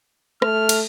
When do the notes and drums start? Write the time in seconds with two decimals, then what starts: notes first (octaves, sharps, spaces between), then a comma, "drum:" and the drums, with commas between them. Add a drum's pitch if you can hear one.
0.42 A3 F6, drum: rim click
0.69 drum: cymbal